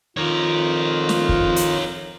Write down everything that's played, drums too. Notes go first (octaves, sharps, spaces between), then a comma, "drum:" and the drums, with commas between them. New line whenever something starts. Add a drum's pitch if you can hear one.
F2 D#3 F4 A#4 C#5
drum: snare
drum: kick
drum: hi-hat